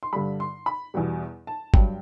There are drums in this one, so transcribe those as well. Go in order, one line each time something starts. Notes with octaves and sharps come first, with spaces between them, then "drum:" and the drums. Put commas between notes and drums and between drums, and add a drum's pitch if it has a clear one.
C6
G2 D3 G3 B5
C6
B5
E2 B2 G3
A5
G2 F#3 G5, drum: kick